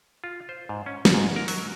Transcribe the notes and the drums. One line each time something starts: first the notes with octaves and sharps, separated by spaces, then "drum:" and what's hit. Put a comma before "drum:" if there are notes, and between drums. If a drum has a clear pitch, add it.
F4
C5
G#2
C#4
drum: snare
G#2
A#4
F#3, drum: open hi-hat